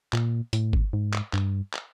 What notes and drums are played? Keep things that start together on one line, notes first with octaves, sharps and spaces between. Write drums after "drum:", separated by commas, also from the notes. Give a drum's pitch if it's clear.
A#2, drum: clap
A2, drum: hi-hat
drum: kick G1
G#2
drum: clap
G2, drum: clap
drum: clap